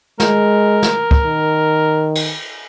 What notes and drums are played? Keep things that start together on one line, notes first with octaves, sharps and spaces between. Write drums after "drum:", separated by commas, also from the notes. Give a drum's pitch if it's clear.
G#3 A#4, drum: snare
drum: snare
drum: kick
D#3
drum: cymbal